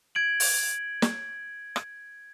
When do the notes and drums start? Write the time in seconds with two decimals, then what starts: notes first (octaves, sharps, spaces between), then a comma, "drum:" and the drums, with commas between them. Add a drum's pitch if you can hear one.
0.15 G#6 D7 F#7
0.40 drum: open hi-hat
1.02 drum: snare
1.76 drum: rim click